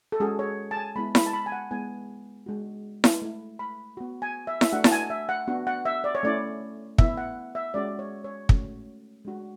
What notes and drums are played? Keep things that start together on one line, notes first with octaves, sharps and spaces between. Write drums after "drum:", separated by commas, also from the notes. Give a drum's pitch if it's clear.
A4
G#3 C#4 F#4 G#4
C#5
A5
G#5
G#3 B3 E4 B5
B5, drum: snare E4
A5
B5
G#5
F#5
G#3 B3 E4 G#5
G#3 D4 F#4
drum: snare E4
A3 E4
B5
B3 F#4
G#5
E5
E5, drum: snare E4
A3 D4 F#4 F#5
A5, drum: snare E4
G#5
E5
F#5
B3 D4 F#4
F#5
E5
D5
C#5
A3 C#4 E4 D5
B3 E4 E5, drum: kick
F#5
E5
G#3 C#4 F#4 D5
C#5
C#5
A3 C#4 F#4, drum: kick
G#3 D4 F#4